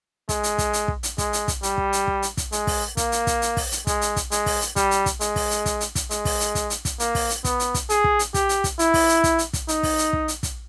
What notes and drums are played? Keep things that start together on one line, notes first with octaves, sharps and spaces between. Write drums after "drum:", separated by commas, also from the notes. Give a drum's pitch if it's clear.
G#3, drum: kick, hi-hat
drum: hi-hat
drum: kick, hi-hat
drum: hi-hat
drum: kick
drum: hi-hat
G#3, drum: kick, hi-hat
drum: hi-hat
drum: kick, hi-hat
G3, drum: hi-hat
drum: kick
drum: hi-hat
drum: kick
drum: hi-hat
drum: kick, hi-hat
G#3, drum: hi-hat
drum: kick, open hi-hat
A#3, drum: kick, hi-hat
drum: hi-hat
drum: kick, hi-hat
drum: hi-hat
drum: kick, open hi-hat
drum: hi-hat
G#3, drum: kick, hi-hat
drum: hi-hat
drum: kick, hi-hat
G#3, drum: hi-hat
drum: kick, open hi-hat
drum: hi-hat
G3, drum: kick, hi-hat
drum: hi-hat
drum: kick, hi-hat
G#3, drum: hi-hat
drum: kick, open hi-hat
drum: hi-hat
drum: kick, hi-hat
drum: hi-hat
drum: kick, hi-hat
G#3, drum: hi-hat
drum: kick, open hi-hat
drum: hi-hat
drum: kick, hi-hat
drum: hi-hat
drum: kick, hi-hat
A#3, drum: hi-hat
drum: kick, open hi-hat
drum: hi-hat
B3, drum: kick, hi-hat
drum: hi-hat
drum: kick, hi-hat
G#4, drum: hi-hat
drum: kick
drum: hi-hat
G4, drum: kick, hi-hat
drum: hi-hat
drum: kick, hi-hat
E4, drum: hi-hat
drum: kick, open hi-hat
drum: hi-hat
drum: kick, hi-hat
drum: hi-hat
drum: kick, hi-hat
D#4, drum: hi-hat
drum: kick, open hi-hat
drum: hi-hat
drum: kick
drum: hi-hat
drum: kick, hi-hat